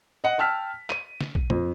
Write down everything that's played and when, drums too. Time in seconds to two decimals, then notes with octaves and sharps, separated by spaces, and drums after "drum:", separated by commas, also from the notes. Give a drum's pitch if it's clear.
0.24 D#5 F#5
0.38 G5 A5 E6 F6 B6
0.90 D#7, drum: clap
1.21 drum: snare
1.35 drum: kick
1.50 F2, drum: tom